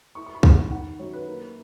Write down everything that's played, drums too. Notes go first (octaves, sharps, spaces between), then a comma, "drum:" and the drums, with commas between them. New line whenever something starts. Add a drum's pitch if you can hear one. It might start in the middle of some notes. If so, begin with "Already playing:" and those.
E4 C#6
C#6
B5
D#3, drum: kick
F#5
D#3 F#5
F#2 C#5
B4
A#3